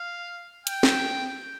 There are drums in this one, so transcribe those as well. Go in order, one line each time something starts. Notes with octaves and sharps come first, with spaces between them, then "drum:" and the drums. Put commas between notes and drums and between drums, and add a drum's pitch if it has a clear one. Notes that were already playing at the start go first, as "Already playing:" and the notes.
Already playing: F5
G5, drum: hi-hat
drum: snare